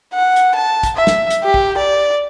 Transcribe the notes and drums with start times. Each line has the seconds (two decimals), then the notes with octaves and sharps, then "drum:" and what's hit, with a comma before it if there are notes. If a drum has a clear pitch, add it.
0.14 F#5
0.36 drum: hi-hat
0.55 A5
0.83 drum: kick, hi-hat
0.96 E5
1.07 drum: snare
1.31 drum: hi-hat
1.43 G4
1.54 drum: kick
1.78 D5